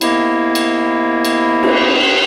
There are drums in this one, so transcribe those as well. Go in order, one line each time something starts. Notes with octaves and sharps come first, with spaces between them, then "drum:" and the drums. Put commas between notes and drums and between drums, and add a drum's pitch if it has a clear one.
C3 D#3 A#3 B3 E4, drum: cymbal
drum: cymbal
drum: cymbal
drum: cymbal